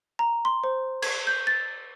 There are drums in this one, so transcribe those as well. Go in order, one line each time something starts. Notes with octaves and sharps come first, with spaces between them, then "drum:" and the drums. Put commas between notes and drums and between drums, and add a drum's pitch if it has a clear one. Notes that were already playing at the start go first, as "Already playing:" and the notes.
A#5
C6
C5
G#6, drum: cymbal
G6
A6